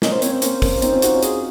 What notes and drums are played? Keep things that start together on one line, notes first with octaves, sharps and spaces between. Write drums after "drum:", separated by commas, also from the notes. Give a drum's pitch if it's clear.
A#3 C#4 D#5, drum: snare
C5
C4 C#5, drum: hi-hat
C5
A#3 C#4, drum: hi-hat
A#3 C#4, drum: kick, open hi-hat
C#4
C4 D#4, drum: hi-hat
C#4 F4
D#4 F#4, drum: hi-hat
C#4 F4
G#4, drum: hi-hat